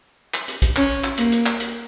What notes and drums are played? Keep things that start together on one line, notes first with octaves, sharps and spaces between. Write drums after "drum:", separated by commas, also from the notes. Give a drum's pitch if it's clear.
drum: clap
drum: hi-hat
drum: kick, hi-hat
C#4, drum: clap
drum: clap
A#3, drum: hi-hat
drum: hi-hat
drum: clap
drum: hi-hat